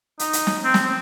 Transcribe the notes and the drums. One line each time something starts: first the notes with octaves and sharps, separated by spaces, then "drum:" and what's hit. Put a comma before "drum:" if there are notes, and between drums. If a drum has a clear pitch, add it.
D#4, drum: hi-hat
drum: hi-hat
drum: snare
C4
drum: snare
C4